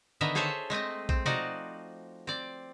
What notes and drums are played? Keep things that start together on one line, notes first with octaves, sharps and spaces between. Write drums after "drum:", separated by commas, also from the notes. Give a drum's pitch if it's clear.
D3 D#3 B3 D#5 E5
G#4 A4 C5 C#5 E5 A5
G#3 A3 C4 D#5
C4, drum: kick A#1
F3 D#4 F#4 D5 D#5, drum: tom B2
C4 D5